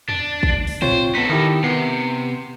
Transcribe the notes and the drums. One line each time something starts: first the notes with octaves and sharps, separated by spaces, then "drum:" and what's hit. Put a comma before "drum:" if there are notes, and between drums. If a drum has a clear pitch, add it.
D4, drum: tom E2
drum: kick
drum: open hi-hat
C4 F4 C5 C#5, drum: tom A2
B3 D#4 A4 B6
D#3 E4 G4
C3 B3 C7